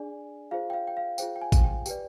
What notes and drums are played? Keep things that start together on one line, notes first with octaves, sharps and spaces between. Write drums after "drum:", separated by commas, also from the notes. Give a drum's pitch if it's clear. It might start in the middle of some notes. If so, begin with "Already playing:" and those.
Already playing: D4 G#4 D5 G#5
F4 G#4 C5 F5
G5
F5
G5
F5
F4 G#4 C5 G5, drum: tambourine
G5
G#5
drum: kick, tambourine
G5
G4 B4 D5 G5, drum: tambourine